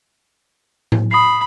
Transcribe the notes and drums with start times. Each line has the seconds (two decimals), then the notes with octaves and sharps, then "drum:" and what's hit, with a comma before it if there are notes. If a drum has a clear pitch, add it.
0.92 drum: tom A2
1.11 B5 D#6 C7